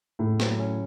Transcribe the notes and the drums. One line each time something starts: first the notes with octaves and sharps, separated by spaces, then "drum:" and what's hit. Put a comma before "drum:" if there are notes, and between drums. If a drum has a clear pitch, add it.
A2 C#3
F#3, drum: snare
C#4